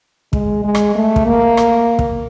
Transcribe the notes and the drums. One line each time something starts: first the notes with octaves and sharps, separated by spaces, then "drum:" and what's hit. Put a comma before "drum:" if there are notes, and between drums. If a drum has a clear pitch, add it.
G#3, drum: kick
G#3
drum: rim click
A3
drum: kick
A#3
drum: rim click
drum: kick